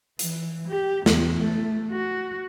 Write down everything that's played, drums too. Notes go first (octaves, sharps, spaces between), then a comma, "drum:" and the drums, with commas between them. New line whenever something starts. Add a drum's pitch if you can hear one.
E3, drum: hi-hat
G4
E2, drum: snare
A3
F#4